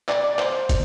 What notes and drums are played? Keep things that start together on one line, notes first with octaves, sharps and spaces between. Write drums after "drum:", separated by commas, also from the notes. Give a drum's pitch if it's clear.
D5, drum: clap
D5
D5
C5, drum: clap
drum: kick, hi-hat